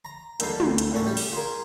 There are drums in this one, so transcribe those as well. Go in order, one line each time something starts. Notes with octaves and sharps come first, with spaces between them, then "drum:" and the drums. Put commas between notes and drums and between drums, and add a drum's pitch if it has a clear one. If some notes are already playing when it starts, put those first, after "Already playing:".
A#5
D#2 D3 G3 A4 F5, drum: hi-hat
D2, drum: tom
drum: hi-hat
C2 A2 C#4 D5
G3 G4
drum: open hi-hat
F4 G#4 A#4